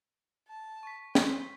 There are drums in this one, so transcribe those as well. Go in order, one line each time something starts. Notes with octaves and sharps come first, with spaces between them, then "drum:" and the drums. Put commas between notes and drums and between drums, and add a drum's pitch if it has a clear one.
A5
C#6 B6
C5, drum: snare